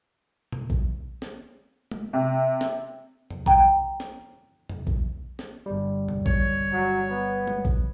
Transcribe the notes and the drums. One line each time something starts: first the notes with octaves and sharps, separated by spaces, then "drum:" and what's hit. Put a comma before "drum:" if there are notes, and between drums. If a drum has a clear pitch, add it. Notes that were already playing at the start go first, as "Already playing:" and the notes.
drum: tom A#2
drum: kick A#1
drum: snare
drum: tom
C3
drum: snare
drum: tom E2
G5 A#5, drum: kick A#1
drum: snare
drum: tom E2
drum: kick A#1
drum: snare
G1 G3
drum: tom E2
C#5, drum: kick A#1
F#3
B3
drum: tom
drum: kick A#1